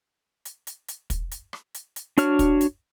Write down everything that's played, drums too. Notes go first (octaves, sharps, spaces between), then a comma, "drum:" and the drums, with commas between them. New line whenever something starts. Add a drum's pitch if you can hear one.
drum: hi-hat
drum: hi-hat
drum: hi-hat
drum: kick, hi-hat
drum: hi-hat
drum: rim click
drum: hi-hat
drum: hi-hat
D4 F#4 C#5 F6, drum: hi-hat
drum: kick, hi-hat
drum: hi-hat